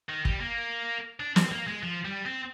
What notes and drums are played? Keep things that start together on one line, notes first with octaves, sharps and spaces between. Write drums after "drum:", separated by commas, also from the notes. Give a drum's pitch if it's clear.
D#3
G3, drum: kick
A#3
D4
C4, drum: snare
A#3
G#3
F3
G3
C4